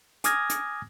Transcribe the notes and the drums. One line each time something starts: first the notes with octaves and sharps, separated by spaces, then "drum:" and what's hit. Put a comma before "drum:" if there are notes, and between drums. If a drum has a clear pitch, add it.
G#5 D6 D#6 F6 G#6 A#6, drum: hi-hat
drum: hi-hat